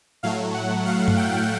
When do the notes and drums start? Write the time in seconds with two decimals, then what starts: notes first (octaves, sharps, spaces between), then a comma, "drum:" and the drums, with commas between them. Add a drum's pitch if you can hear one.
0.23 A2 F#3 A3 F5
0.54 F#5
0.86 F5
1.08 drum: tom G2
1.17 G5